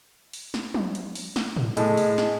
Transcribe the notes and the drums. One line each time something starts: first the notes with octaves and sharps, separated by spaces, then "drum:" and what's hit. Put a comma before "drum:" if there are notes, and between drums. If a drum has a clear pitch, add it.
drum: open hi-hat
drum: snare
drum: tom
drum: hi-hat
drum: open hi-hat
drum: snare
drum: tom
A2 G#3, drum: hi-hat
drum: open hi-hat
drum: snare